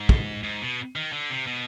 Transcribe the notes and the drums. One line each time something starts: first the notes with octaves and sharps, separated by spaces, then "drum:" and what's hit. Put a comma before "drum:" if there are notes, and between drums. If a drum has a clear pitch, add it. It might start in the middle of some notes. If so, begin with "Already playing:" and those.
Already playing: G#2
drum: kick
G#2
B2
D#3
D3
C3
B2